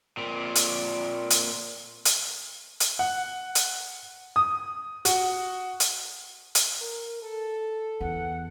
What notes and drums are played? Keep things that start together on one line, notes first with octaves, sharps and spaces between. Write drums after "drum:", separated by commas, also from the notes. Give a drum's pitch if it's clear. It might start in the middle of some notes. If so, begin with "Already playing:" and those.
A#2 C4
drum: hi-hat
drum: hi-hat
drum: hi-hat
drum: hi-hat
F#5
drum: hi-hat
D#6
F#4, drum: hi-hat
drum: hi-hat
drum: hi-hat
A#4
A4
E2 F#5